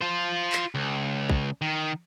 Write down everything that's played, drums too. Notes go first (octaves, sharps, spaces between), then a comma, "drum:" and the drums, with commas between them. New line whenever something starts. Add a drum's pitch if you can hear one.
F4 C5
drum: clap
C#2
drum: kick
D#3